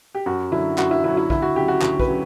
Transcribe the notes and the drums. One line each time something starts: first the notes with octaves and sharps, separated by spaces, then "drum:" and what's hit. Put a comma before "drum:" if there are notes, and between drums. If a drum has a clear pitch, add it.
G4
F#2 F#4
D3 F#3 E4
F#2 F#4, drum: clap
E4
D3 F#3 E4
E4
D2 E4, drum: kick A#1
F#4
C#3 F#3 G4
F#4
D2 F#4, drum: clap
B4, drum: kick A#1
C#3 F#3